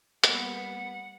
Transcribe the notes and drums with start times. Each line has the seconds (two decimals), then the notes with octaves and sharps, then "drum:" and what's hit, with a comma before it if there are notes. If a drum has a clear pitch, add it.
0.24 G3 A#3 B3 F#5, drum: hi-hat